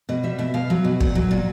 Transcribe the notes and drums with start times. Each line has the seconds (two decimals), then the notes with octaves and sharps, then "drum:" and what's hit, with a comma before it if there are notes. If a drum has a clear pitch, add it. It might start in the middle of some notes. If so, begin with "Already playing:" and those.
0.09 B2 D#5
0.23 G3 E5
0.39 B2 E5
0.54 B2 F5
0.70 F#3
0.84 B2
1.01 A#2 F#5, drum: kick
1.15 F#3
1.31 A#2